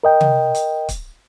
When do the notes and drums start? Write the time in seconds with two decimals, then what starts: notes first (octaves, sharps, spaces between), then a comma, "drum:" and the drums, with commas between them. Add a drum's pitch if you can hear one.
0.04 A#4 D#5 G5
0.21 drum: tom C3
0.55 drum: hi-hat
0.89 drum: kick, hi-hat